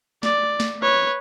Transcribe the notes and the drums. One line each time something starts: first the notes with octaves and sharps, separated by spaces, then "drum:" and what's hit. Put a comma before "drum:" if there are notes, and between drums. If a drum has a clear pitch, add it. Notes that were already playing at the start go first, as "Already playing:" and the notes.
D5, drum: snare
drum: snare
B4 C#5